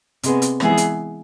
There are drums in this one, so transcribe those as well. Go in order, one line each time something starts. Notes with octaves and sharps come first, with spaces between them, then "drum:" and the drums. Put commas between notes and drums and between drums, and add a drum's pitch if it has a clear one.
C3 G#3 B3, drum: hi-hat
drum: hi-hat
E3 G#3 B3 E4 G#4, drum: rim click
drum: hi-hat